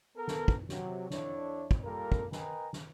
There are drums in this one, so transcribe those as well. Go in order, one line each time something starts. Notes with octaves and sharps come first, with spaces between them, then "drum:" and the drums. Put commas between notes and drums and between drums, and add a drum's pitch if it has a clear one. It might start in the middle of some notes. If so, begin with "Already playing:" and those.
B3 A4 A#4
drum: snare
drum: kick
C3 F#3, drum: snare
F2 D4 E4 C#5, drum: snare
drum: kick
G3 A#3 F4 A4 A#4
drum: kick
A#4 B4 D#5 G5 G#5 A#5, drum: snare
drum: snare